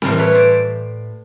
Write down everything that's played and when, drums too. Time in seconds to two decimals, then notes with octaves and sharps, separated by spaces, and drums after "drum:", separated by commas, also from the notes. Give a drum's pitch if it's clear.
0.02 A2 E3 G3 A#4 C5, drum: snare C4
0.19 B4 C#5
0.34 C5 D5